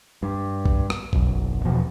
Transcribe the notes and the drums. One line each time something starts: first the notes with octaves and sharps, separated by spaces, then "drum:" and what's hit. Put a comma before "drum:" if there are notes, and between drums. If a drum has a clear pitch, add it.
G2
drum: kick
drum: rim click
F#1 B1 F#2, drum: kick
E2 B2 F3